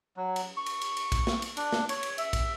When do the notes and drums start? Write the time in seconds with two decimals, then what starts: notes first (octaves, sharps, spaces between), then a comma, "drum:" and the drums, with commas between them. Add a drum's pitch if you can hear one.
0.17 F#3
0.36 drum: cymbal
0.57 C#6
0.66 drum: cymbal
0.81 drum: cymbal
0.97 drum: cymbal
1.12 drum: kick A#1, cymbal
1.27 drum: snare
1.42 drum: cymbal
1.57 D4, drum: cymbal
1.72 drum: snare
1.89 C#5, drum: cymbal
2.03 drum: cymbal
2.18 E5, drum: cymbal
2.33 drum: kick A#1, cymbal